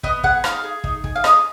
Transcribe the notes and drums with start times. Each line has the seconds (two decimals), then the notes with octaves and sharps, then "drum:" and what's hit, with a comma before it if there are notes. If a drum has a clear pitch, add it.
0.03 B3 D#5, drum: kick
0.23 G#4 F#5, drum: kick
0.44 D#4 F5, drum: rim click
0.64 G#4
0.84 D#4, drum: kick
1.04 G#4, drum: kick
1.16 F5
1.24 G#4 D#5, drum: rim click